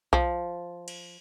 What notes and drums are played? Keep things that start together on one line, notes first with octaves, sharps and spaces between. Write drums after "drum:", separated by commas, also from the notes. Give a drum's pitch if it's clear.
F3, drum: kick B1
drum: cymbal